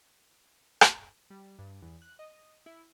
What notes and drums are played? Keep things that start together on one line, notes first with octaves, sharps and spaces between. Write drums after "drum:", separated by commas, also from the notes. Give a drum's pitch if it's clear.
drum: rim click
G3
G2
E2
F#6
D#5
E4